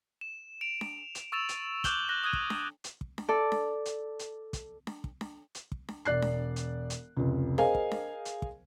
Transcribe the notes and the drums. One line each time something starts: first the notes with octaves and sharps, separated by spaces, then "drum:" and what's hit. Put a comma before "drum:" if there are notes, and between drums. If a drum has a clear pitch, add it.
E7
D7 F7
drum: snare D4
drum: hi-hat
C#6 E6 A6 E7 F7
drum: hi-hat
D6 E6 F#6 G6 F#7 G7, drum: kick, hi-hat
F#6 A#6 G7
D#6 F#6 G#6 D#7
drum: kick
drum: snare D4
drum: hi-hat
drum: kick
drum: snare D4
A4 D5
drum: snare D4
drum: hi-hat
drum: hi-hat
drum: kick, hi-hat
drum: snare D4
drum: kick
drum: snare D4
drum: hi-hat
drum: kick
drum: snare D4
E1 D5 F#6 C7
drum: snare D4
drum: hi-hat
drum: hi-hat
F1 C#2
G#4 A#4 C5 D#5 F5 G#5, drum: snare D4
drum: kick
drum: snare D4
drum: hi-hat
drum: kick